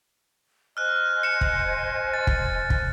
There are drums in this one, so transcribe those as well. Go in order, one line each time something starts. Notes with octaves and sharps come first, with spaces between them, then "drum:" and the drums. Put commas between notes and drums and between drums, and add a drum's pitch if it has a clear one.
C5 D#5 G#5 F6 F#6
C#7 E7
drum: kick
A6
drum: kick
drum: kick